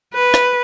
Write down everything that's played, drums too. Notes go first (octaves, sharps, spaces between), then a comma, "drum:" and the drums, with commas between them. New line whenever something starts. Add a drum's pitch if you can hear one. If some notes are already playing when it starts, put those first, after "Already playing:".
B4
drum: rim click